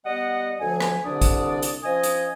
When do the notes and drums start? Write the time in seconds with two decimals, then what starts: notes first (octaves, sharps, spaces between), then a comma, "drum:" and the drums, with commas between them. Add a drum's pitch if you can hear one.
0.05 G3 B3 D#5 F#5
0.60 D2 F3 F#3 G#5
0.81 drum: rim click
1.06 C2 D3 D4 D5 D#6
1.21 drum: kick G#1, hi-hat
1.62 drum: hi-hat
1.84 F3 C#4 D#5 G#5 D#6
2.03 drum: hi-hat